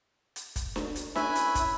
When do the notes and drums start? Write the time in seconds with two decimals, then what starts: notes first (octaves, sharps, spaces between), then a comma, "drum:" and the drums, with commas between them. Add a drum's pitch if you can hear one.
0.36 drum: hi-hat
0.56 drum: kick, hi-hat
0.76 drum: snare D4
0.96 drum: hi-hat
1.15 C#4 E4 B4 E5 G#5 B5, drum: snare D4
1.35 drum: hi-hat
1.55 drum: kick, hi-hat